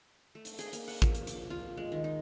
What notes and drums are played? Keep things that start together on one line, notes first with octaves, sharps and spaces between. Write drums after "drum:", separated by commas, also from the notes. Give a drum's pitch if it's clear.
A3
drum: hi-hat
G#4, drum: hi-hat
A#3, drum: hi-hat
F#5, drum: open hi-hat
F3, drum: kick, hi-hat
drum: hi-hat
D6, drum: hi-hat
F4
G#3
D#3
D#4